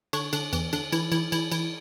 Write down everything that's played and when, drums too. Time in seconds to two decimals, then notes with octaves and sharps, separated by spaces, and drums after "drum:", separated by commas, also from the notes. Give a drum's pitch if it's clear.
0.13 D3 C#5, drum: cymbal
0.33 D3, drum: cymbal
0.53 E2, drum: cymbal
0.73 D3, drum: cymbal
0.92 E3, drum: cymbal
1.12 E3, drum: cymbal
1.32 E3, drum: cymbal
1.52 E3, drum: cymbal